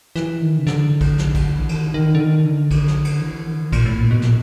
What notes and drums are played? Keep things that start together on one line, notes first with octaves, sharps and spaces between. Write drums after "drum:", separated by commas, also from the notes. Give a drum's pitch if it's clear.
E3, drum: snare
D#3
C#3
D3, drum: snare
drum: kick A#1, cymbal
drum: snare
drum: kick A#1, cymbal
E3
D#3, drum: cymbal
D#3
D3
D#3
D3
drum: kick A#1, cymbal
drum: snare
drum: cymbal
E3
D#3
A#2, drum: kick A#1, cymbal
A2
A#2
B2
A#2, drum: snare